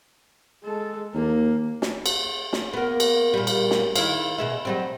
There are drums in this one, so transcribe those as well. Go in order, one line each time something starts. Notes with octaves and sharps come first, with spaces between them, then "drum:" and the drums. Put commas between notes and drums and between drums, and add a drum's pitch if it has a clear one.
G#3 A4
D#2 A#3
drum: snare
drum: cymbal
drum: snare
A#3 B3
drum: cymbal
A#2 G3
drum: cymbal
drum: snare
D#3 E4 F5, drum: cymbal
B2 G#4 E5
F#3 G3 C4